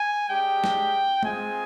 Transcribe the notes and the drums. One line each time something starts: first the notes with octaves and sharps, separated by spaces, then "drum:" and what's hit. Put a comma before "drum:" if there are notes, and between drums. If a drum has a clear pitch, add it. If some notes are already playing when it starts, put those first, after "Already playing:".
Already playing: G#5
G#3 D4 G4 G5
drum: snare
G#3 C4 F4 G#5, drum: tom G#3